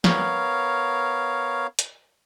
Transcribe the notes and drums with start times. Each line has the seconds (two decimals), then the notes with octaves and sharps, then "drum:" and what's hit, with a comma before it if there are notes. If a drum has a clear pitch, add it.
0.04 B3 A#4 C#5 F5, drum: snare
1.79 drum: hi-hat